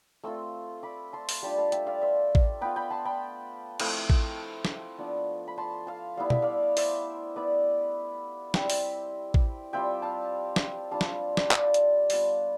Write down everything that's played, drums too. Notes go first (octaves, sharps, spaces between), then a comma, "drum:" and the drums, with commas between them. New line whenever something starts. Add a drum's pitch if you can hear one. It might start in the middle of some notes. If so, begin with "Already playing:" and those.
A3 C4 F4 C6 E6
B5 D6
A5 C6
drum: open hi-hat
G3 D4 F4 G5 B5
F5 A5
E5 G5, drum: hi-hat
D5 F5
C5 E5
drum: kick A1
B3 F4 G5 B5
G5 B5
A5 C6
G5 B5
F3 A3 C4 E4, drum: cymbal
drum: kick A1
drum: snare
F3 B3 D4
B5
A5 C6
F5 A5
G3 B3 E4 F5
E5, drum: tom
D5 F5
C5 E5, drum: open hi-hat
B3 E4 B4 D5
G3 C4 E4 E5 G5, drum: snare
drum: open hi-hat
drum: kick A1
G3 C4 F4 E5 G5
F5 A5
drum: snare
G3 D4 F4 F5 A5
drum: snare
drum: snare
D5 F5, drum: clap
drum: hi-hat
G3 B3 F4, drum: open hi-hat